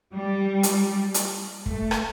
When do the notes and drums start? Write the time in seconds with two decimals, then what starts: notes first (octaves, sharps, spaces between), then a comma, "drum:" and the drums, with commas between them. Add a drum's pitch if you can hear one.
0.13 G3
0.63 drum: hi-hat
1.14 drum: hi-hat
1.66 A3, drum: kick
1.91 drum: rim click